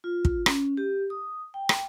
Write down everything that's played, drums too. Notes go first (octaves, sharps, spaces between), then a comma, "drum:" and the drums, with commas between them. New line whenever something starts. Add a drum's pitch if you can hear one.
F4
drum: kick
C#4, drum: rim click
G4
D#6
G5
drum: rim click